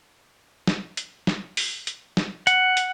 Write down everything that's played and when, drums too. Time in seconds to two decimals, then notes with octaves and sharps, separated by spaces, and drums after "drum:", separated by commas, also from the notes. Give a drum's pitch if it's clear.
0.67 drum: snare
0.97 drum: hi-hat
1.27 drum: snare
1.57 drum: open hi-hat
1.87 drum: hi-hat
2.17 drum: snare
2.47 F#5, drum: hi-hat
2.77 drum: hi-hat